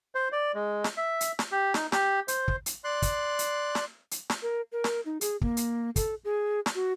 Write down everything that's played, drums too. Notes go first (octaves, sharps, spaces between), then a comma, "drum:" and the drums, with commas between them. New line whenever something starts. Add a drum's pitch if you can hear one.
C5
D5
G#3
drum: snare
E5
drum: hi-hat
drum: snare
G4
D#4, drum: snare
G4, drum: snare
C5, drum: hi-hat
drum: kick
drum: hi-hat
D5 C6 F#6
drum: kick, hi-hat
drum: hi-hat
drum: snare
drum: hi-hat
drum: snare
A#4
A#4
drum: snare
D#4
G#4, drum: hi-hat
A#3, drum: kick
drum: hi-hat
A4, drum: kick, hi-hat
G#4
drum: snare
F#4